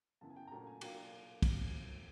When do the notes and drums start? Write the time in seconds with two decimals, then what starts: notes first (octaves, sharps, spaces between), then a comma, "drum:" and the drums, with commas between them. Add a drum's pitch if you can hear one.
0.21 F#2 C#3 F#3 B3 E4 A5
0.30 G#5
0.36 G5
0.47 A#5
0.51 A#2 F#3 A3 C#4 A5
0.67 G#5
0.81 B2 F#3 A#3 D4 F4 G5, drum: cymbal
1.42 drum: kick, cymbal